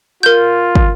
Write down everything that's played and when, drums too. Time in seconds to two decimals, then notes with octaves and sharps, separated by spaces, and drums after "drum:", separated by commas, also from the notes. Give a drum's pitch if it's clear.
0.23 F4 A#4 G6
0.75 drum: kick